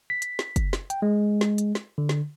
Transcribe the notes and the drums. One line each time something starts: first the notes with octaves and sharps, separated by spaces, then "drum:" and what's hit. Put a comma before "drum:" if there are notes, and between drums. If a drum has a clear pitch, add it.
B6
drum: hi-hat
drum: snare
drum: kick F#1, hi-hat
drum: snare
G5, drum: hi-hat
G#3
drum: snare
drum: hi-hat
drum: snare
D3
drum: snare